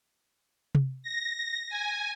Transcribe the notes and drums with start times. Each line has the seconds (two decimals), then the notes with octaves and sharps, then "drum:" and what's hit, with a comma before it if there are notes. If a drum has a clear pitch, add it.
0.75 drum: tom C3
1.03 A#6
1.69 G#5